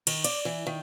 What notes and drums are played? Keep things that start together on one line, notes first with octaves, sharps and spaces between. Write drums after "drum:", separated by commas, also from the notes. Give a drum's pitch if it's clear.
D#3, drum: cymbal
D5, drum: cymbal
E3
D#3